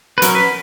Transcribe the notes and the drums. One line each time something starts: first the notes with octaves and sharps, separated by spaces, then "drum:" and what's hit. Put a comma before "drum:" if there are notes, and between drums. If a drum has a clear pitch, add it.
B4
F#3 C#4 A#4, drum: hi-hat
B4